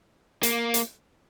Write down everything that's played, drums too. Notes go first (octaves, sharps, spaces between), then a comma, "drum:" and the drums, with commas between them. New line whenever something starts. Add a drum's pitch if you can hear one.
A#3, drum: hi-hat
drum: hi-hat